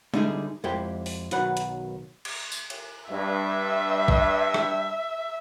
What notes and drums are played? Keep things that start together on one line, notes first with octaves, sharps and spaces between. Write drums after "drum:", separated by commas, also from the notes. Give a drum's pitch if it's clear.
D3 G3 D#4 E4 G#4, drum: tom
F2 G#3 E4 G4 G5
drum: open hi-hat
B1 D#3 F#3 B4 F#5 B5, drum: hi-hat
drum: hi-hat
drum: cymbal
drum: tambourine
drum: cymbal
G2 E5
drum: kick
drum: rim click